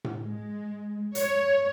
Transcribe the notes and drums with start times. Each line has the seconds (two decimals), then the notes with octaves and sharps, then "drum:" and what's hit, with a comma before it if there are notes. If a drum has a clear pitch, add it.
0.04 drum: tom A2
0.20 G#3
1.15 C#5, drum: hi-hat